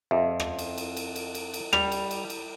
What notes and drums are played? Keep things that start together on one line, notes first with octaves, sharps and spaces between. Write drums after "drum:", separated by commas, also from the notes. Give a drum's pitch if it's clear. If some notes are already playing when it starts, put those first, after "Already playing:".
F2 E5
drum: rim click
drum: cymbal
drum: cymbal
drum: cymbal
drum: cymbal
drum: cymbal
drum: cymbal
G3 F7, drum: rim click
drum: cymbal
drum: cymbal
drum: cymbal